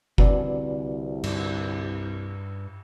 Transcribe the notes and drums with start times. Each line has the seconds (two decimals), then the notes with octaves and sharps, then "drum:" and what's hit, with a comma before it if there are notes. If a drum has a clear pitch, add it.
0.18 C2 D3 C4 F#4 B4 D5, drum: kick F#1
1.24 G2, drum: cymbal